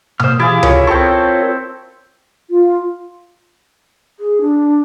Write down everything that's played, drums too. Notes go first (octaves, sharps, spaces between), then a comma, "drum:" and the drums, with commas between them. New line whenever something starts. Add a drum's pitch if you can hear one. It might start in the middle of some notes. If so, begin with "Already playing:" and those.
A#3 C5 D#6 F6, drum: tom B2
E3 E4 G4 G#4 F5 A6
C#4 F4 A#4 C#5, drum: tom C#2
C4 A4 G5 A5 C#6
F4
G#4
D4